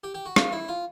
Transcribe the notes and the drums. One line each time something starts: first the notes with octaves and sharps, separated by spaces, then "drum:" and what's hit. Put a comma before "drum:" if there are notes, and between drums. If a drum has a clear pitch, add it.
G4
G4
F#4
F4, drum: rim click
E4
F4